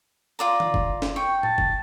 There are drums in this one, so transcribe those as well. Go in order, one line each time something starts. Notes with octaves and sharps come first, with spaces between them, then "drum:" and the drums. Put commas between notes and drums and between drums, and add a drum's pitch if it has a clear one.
F4 D5 A#5
drum: tom D3
drum: kick F#1
drum: snare
G5 C#6
A5, drum: tom A2
drum: kick F#1